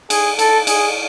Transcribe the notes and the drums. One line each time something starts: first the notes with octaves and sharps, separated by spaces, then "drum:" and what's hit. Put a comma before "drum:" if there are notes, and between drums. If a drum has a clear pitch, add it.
G#4, drum: cymbal
A4, drum: cymbal
G#4, drum: cymbal